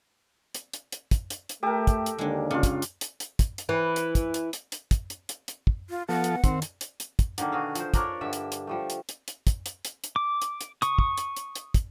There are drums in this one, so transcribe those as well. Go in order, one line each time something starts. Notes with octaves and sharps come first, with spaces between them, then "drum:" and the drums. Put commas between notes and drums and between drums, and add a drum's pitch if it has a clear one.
drum: hi-hat
drum: hi-hat
drum: hi-hat
drum: kick, hi-hat
drum: hi-hat
drum: hi-hat
A3 G4 A4 A#4 G5 A5
drum: kick, hi-hat
drum: hi-hat
D#2 D3 G#3
C#3 D4 F4
drum: kick, hi-hat
drum: hi-hat
drum: hi-hat
drum: hi-hat
drum: kick, hi-hat
drum: hi-hat
E3
drum: hi-hat
drum: kick, hi-hat
drum: hi-hat
drum: hi-hat
drum: hi-hat
drum: kick, hi-hat
drum: hi-hat
drum: hi-hat
drum: hi-hat
drum: kick
F4
F3 B3 A4 F#5
drum: hi-hat
D#3 C4, drum: kick, hi-hat
drum: hi-hat
drum: hi-hat
drum: hi-hat
drum: kick, hi-hat
D3 D#3 A#3, drum: hi-hat
B2 F#4 G#4 F5
F3 C5, drum: hi-hat
D4 A#4 C#5 D5, drum: kick, hi-hat
G2 D3 E5
drum: hi-hat
drum: hi-hat
F3 G3 A3
drum: hi-hat
drum: hi-hat
drum: hi-hat
drum: kick, hi-hat
drum: hi-hat
drum: hi-hat
drum: hi-hat
D6
drum: hi-hat
drum: hi-hat
C#6 D#6, drum: hi-hat
drum: kick
drum: hi-hat
drum: hi-hat
drum: hi-hat
drum: kick, hi-hat